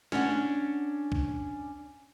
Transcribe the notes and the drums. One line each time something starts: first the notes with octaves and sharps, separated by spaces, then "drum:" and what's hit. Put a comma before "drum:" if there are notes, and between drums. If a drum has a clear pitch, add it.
C#4 D4 F#5, drum: snare
drum: kick